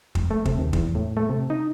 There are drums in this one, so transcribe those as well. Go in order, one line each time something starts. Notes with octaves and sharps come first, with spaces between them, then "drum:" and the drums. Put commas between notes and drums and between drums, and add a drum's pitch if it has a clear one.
F1, drum: kick
A3
C3, drum: kick
D#2
E2, drum: kick
A2
A3
C3
D#4